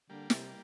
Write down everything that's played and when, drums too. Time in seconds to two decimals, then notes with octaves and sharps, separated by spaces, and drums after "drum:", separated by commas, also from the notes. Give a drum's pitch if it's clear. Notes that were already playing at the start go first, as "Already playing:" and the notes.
0.10 D3 G3 A#3
0.30 C3, drum: snare